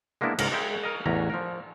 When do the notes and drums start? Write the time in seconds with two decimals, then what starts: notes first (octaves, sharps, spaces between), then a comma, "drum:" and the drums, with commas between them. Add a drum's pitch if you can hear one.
0.21 G#3 A#3 B3 D4 E4
0.38 C#2 G#2 A#4, drum: cymbal
0.52 G#3 E5 G5
0.83 A#4 D#5
1.06 A1 E2 C#4 A#5
1.30 F3 A#4